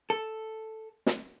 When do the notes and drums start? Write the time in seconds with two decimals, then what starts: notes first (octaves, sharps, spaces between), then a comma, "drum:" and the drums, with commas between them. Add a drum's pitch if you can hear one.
0.10 A4
1.06 drum: snare